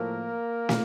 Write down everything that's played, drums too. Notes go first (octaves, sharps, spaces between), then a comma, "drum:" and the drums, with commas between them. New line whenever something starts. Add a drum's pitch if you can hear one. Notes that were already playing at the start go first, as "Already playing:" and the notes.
Already playing: A2 F3 A3 A#3 A#4
drum: snare